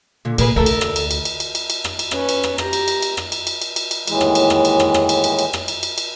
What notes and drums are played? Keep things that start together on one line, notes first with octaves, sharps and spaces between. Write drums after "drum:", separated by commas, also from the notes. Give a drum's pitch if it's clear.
A#2 D3
A#2 A#3 G#4 B4, drum: cymbal
D2 D3 A4 A#4 E5
drum: cymbal
drum: rim click
drum: cymbal
drum: cymbal
drum: cymbal
drum: cymbal
drum: cymbal
drum: cymbal
drum: rim click
drum: cymbal
C#4 B4, drum: rim click
drum: cymbal
drum: rim click
G4 A#5, drum: rim click
drum: cymbal
drum: cymbal
drum: cymbal
drum: rim click
drum: cymbal
drum: cymbal
drum: cymbal
drum: cymbal
drum: cymbal
D#2 A2 E3 G#3, drum: cymbal
drum: rim click
drum: cymbal
drum: rim click
drum: cymbal
drum: rim click
drum: rim click
drum: cymbal
drum: cymbal
drum: cymbal
drum: rim click
drum: cymbal
drum: cymbal
drum: cymbal